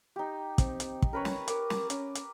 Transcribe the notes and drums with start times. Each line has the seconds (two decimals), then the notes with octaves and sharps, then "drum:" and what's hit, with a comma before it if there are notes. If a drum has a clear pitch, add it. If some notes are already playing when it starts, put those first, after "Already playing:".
0.16 D#4 G4
0.58 C4, drum: kick, hi-hat
0.80 drum: hi-hat
1.02 drum: kick
1.13 C#4 A#4 B4 C#5
1.25 drum: snare
1.48 A#4 D6, drum: hi-hat
1.70 drum: snare
1.90 C#4, drum: hi-hat
2.15 drum: hi-hat